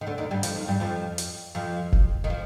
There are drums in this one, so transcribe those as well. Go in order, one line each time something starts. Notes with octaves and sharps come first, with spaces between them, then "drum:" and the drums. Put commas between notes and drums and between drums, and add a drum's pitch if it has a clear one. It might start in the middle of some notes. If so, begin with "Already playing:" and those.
D#3
D2 D3
D#2 D#3
G2 G3
F2 F3, drum: hi-hat
D#2 D#3
G2 G3
F2 F3
drum: hi-hat
F2 F3
drum: kick F1
D#3
F3